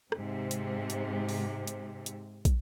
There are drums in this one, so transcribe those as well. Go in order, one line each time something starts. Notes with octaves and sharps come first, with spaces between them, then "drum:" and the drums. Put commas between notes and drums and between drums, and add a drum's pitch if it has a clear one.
G#2 C3, drum: rim click
drum: hi-hat
drum: hi-hat
drum: open hi-hat
drum: hi-hat
drum: hi-hat
drum: kick, hi-hat